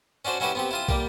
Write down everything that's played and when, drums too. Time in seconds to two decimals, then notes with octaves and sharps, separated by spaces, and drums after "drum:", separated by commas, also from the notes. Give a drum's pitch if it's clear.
0.25 C#4 D4 F#4 C5
0.40 F#3 C#4 E4 F#4 G4 B4
0.55 B3 C4 G4
0.71 E4 F4 D#6
0.88 G3 A#3 G4, drum: kick